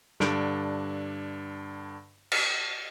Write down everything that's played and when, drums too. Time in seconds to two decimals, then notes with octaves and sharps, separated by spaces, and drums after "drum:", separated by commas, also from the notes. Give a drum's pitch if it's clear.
0.20 G2 D3 D4 D7, drum: snare
2.32 drum: cymbal